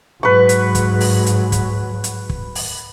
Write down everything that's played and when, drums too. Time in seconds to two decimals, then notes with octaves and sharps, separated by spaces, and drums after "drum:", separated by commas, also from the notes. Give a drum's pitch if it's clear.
0.23 G#2 F#3 B4 C#6
0.49 drum: hi-hat
0.75 drum: kick, hi-hat
1.00 drum: open hi-hat
1.26 drum: hi-hat
1.52 drum: kick, hi-hat
2.04 drum: hi-hat
2.30 drum: kick
2.55 drum: open hi-hat